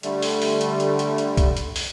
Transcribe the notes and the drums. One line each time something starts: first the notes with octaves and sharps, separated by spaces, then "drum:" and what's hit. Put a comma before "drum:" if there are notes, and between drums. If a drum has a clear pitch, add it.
D3 G3 A3, drum: hi-hat
drum: open hi-hat
drum: open hi-hat
drum: hi-hat
drum: hi-hat
drum: hi-hat
drum: hi-hat
drum: kick, hi-hat
drum: hi-hat
drum: open hi-hat